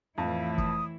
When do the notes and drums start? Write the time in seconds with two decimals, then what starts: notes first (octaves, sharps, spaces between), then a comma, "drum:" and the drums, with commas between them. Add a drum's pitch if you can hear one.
0.18 F2 A2 E3 E4 F5
0.58 D#6, drum: kick